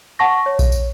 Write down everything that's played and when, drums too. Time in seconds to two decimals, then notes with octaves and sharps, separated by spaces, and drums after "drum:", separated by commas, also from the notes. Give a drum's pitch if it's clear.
0.19 F#5 A5 C#6 A#6
0.46 C#5
0.59 drum: kick A#1, tambourine
0.72 drum: tambourine